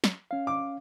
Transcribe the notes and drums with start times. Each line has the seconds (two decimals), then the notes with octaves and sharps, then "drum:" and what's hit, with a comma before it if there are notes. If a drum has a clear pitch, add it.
0.04 drum: snare
0.31 C#4 F5
0.47 D6